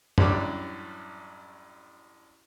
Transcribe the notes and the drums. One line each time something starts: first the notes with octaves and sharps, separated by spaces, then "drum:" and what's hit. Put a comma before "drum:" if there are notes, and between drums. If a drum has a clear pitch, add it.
A1 F#2 G3 D4 C#5 D6, drum: tom F#2